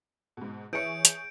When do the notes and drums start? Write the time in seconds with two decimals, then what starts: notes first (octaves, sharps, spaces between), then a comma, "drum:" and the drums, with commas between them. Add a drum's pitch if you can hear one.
0.37 G#2 B2
0.73 E3 G#4 C#5 E5 G6 C#7 D7
1.05 drum: hi-hat